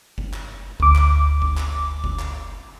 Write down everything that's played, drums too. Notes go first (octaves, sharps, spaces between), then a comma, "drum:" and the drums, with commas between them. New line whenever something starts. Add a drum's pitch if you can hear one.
drum: kick F#1
drum: clap
D2 D6, drum: kick F#1
drum: clap
drum: kick F#1
drum: clap
drum: kick F#1
drum: clap